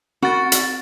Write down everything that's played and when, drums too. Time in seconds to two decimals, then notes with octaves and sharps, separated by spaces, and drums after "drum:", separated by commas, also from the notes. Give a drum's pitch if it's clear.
0.23 C4 F#4 A6
0.52 drum: hi-hat